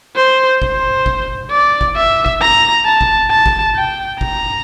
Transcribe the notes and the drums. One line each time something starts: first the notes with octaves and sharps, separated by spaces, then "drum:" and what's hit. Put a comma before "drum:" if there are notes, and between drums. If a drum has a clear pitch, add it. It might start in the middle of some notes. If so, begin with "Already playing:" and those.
C5
C5, drum: kick
drum: kick
D5
drum: kick
E5
drum: kick
A#5
A5
drum: kick
A5
drum: kick
G5
A#5, drum: kick